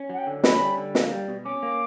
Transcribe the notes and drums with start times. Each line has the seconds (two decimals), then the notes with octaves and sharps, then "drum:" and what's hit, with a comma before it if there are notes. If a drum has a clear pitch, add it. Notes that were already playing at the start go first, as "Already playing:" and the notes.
Already playing: C#4
0.09 F#3 F#5
0.18 G5
0.27 D3
0.44 C#4 B5, drum: snare
0.60 G3
0.77 D3
0.95 A#3, drum: snare
1.11 G3
1.28 B2
1.45 C#4 D6
1.63 A#3